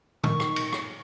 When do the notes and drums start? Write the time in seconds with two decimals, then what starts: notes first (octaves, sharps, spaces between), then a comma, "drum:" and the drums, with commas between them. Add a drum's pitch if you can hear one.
0.24 D#3 C#6, drum: tom A2
0.40 drum: rim click
0.56 drum: cymbal
0.72 drum: rim click